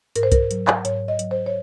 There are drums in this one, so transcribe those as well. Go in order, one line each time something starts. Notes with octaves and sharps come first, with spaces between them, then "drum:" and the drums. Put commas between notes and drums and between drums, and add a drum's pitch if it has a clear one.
G#2 A#4, drum: hi-hat
C5
A#4, drum: kick, hi-hat
F#3, drum: hi-hat
drum: clap
G#2 C#5, drum: hi-hat
D#5
F#3, drum: hi-hat
C5
C#5